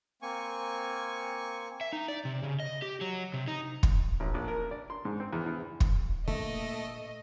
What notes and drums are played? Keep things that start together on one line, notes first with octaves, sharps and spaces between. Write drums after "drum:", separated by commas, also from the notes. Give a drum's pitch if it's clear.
A#3 C4 G#5 C#6
E5
D#4
D5
C3
C#3
D#5
G4
F#3
C3
D#4
drum: kick
A1
A#1
A#4
D5
C6
G#2
C4
E2
E2
drum: kick
A#2 D3 A3 A#3 D#5